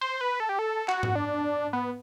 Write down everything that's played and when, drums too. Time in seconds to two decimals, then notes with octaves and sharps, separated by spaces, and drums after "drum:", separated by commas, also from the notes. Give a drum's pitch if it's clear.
0.01 C5
0.21 B4
0.40 A4
0.49 G4
0.59 A4
0.88 F#4, drum: clap
1.03 drum: tom G#2
1.15 D4
1.73 B3